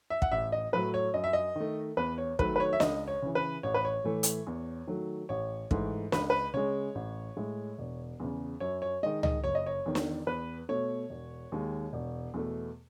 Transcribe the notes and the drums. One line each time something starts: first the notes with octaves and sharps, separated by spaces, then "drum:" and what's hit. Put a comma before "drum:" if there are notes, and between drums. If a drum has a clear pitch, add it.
E5
F#5, drum: kick
A1 E5
D#5
A2 F#3 A3 B4
C#5
F#2 D#5
E5
D#5
D#3 A3
E2 B4
C#5
D#3 F#3 A3 B4, drum: kick
B4
C#5
E5
C#2 D#5, drum: snare
C#5
C#3 E3
B4
A1 C#5
B4
C#5
A2 E3 A3
drum: hi-hat
E2
D#3 F#3 A3
A1 C#5
G#2 E3 A3, drum: kick
C#2 B4, drum: snare
B4
C#3 G#3 C#5
A1
A2 G#3
E1
E2 C#3
F#2 C#5
C#5
D#3 G#3 D#5
D#5, drum: tom C#2
F#1 C#5
D#5
C#5
E2 D#3
drum: snare
E2 B4
B2 A3 C#5
E1
D#2 D#3 G#3
E1
E2 B2 A3